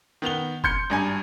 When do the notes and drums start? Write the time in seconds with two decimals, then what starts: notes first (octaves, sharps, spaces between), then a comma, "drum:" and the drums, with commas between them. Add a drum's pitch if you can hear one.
0.22 D#3 B3 F7 G7
0.64 C6 G6 C#7, drum: kick
0.90 G#1 G2 G#5